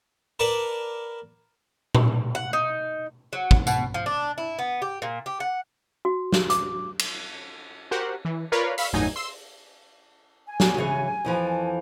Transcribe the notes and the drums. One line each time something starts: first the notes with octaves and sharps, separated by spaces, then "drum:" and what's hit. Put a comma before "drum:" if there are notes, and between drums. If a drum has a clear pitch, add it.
A#4 B4 D5 F#5 A5
drum: tom A#2
F#5
D#4
F#3
drum: kick
B2, drum: tambourine
F3
D4
E4
B3
G4
A#2
G4
F#5
F#4
drum: snare
D6, drum: hi-hat
drum: cymbal
F#4 G4 A#4 C5 F#5
E3
F4 A#4 B4 C#5 D5 F5
F5 B5 C#6 E6 B6 C7, drum: open hi-hat
G1 E2 A2 F#3 D#4 G#5
C6 E6
G#5
E2 F#3, drum: snare
C#3 E3 C#5
F2 E3 F3